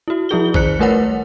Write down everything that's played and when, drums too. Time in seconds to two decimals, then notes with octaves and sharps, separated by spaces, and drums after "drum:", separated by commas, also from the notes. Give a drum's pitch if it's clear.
0.08 E4 F#4
0.29 F3 E4 G#4 G7
0.54 D#3 C5 F#6 C#7, drum: kick A#1
0.79 G3 A3 A#4 B4 C#5 F#5